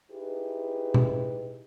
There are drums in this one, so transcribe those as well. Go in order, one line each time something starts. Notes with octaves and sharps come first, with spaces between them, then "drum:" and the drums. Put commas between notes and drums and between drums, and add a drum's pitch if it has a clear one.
D#4 E4 G4 G#4 B4
drum: tom B2